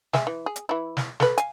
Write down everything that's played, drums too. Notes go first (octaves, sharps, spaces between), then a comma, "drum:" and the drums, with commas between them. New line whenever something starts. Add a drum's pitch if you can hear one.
G#3 E5 G#5, drum: snare
E3
G#4
drum: hi-hat
E3 E4
drum: snare
A4 B4, drum: snare
F5 G#5, drum: hi-hat